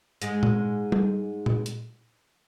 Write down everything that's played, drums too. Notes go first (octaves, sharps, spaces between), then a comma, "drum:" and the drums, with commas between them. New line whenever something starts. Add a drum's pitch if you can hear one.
G#2 G#3, drum: hi-hat
drum: tom A#2
drum: tom G3
drum: tom A#2
drum: hi-hat